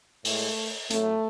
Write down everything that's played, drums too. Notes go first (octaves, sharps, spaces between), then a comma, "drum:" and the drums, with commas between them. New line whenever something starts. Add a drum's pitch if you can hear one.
A2 G#3 A3, drum: open hi-hat
A2 F#3 A3, drum: hi-hat